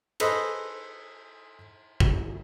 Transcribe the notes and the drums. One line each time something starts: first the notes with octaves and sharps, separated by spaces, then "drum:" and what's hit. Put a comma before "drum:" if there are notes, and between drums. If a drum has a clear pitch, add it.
G#4 A4 B4 C5 D#5, drum: cymbal
drum: kick